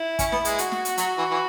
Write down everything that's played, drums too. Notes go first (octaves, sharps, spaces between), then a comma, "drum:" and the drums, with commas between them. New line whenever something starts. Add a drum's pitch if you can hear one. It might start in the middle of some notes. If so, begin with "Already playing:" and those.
Already playing: E4
C#4, drum: kick, hi-hat
B3, drum: snare
G#3, drum: hi-hat
F#4, drum: hi-hat
drum: snare
drum: hi-hat
F#3, drum: hi-hat
E3
E3